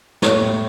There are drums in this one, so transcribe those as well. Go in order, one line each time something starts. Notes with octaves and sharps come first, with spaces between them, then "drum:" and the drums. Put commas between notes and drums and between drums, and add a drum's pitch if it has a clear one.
A2 C#5, drum: snare
A2